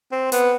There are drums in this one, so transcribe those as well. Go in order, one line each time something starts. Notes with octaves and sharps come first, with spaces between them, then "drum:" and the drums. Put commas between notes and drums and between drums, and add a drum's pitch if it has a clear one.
C4
B3, drum: hi-hat